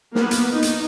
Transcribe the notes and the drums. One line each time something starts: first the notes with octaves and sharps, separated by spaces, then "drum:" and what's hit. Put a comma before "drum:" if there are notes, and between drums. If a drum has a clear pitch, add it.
A#3 B3, drum: snare
drum: hi-hat
D#4
drum: hi-hat